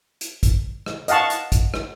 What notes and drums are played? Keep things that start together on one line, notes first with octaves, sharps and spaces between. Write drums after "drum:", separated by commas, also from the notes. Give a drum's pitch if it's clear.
drum: hi-hat
drum: kick, hi-hat
drum: rim click
D#5 F5 F#5 A5 C#6, drum: hi-hat
drum: hi-hat
drum: kick, hi-hat
drum: rim click